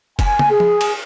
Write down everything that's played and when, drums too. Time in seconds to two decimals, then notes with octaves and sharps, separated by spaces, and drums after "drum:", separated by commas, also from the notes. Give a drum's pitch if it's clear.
0.19 G#5, drum: kick, cymbal
0.39 drum: tom
0.50 G#4
0.60 drum: tom F3
0.81 drum: cymbal